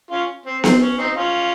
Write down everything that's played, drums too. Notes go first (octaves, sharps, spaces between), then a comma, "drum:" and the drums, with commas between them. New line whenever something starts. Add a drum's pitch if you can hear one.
C#4 F4
C4
C4, drum: snare B3
C#4
C4 D#4
C#4 F4